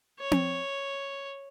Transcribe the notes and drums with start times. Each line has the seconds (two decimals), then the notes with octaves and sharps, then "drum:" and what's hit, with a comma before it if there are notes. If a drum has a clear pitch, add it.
0.20 C#5
0.31 drum: tom C4